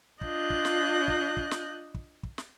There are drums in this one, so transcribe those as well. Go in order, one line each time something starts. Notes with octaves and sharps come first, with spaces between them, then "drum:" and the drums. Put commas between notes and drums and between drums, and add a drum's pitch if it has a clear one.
D4 F4 D#5 F#6 G6, drum: kick
drum: kick
drum: snare
drum: kick
drum: kick
drum: snare
drum: kick
drum: kick
drum: snare